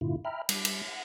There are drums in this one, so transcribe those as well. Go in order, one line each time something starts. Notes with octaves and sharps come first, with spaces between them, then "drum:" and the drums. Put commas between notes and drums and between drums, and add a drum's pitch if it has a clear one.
G2 A#2 D3 E4 F4
E5 G5 A#5 B5 F6
G3, drum: cymbal
drum: cymbal
F#5